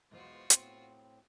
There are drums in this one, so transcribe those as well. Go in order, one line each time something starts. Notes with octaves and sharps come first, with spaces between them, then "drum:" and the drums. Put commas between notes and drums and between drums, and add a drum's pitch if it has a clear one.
B1 E2 G#3 B3 F4 F#4 C5
A2 B3 C4 C5, drum: hi-hat